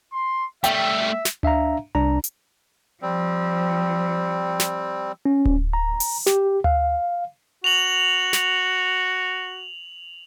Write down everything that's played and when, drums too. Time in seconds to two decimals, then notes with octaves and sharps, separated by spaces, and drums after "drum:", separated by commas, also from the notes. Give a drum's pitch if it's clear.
0.13 C6
0.64 G3 A3 E5 G5, drum: hi-hat
1.25 drum: snare
1.43 D4 E5 F5 A#5, drum: tom D2
1.95 C2 D4 A#5
2.24 drum: hi-hat
3.02 F3 G3 C4
4.60 drum: snare
5.25 C#4
5.45 drum: kick D1
5.73 A#5
6.00 drum: open hi-hat
6.27 G4, drum: snare
6.64 F5, drum: tom D2
7.64 F#4 F7 F#7
8.33 drum: snare